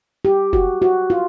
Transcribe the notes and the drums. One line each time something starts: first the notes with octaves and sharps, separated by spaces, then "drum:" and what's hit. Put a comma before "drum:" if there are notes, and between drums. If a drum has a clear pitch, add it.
G4
F#4, drum: kick F1
F#4
F4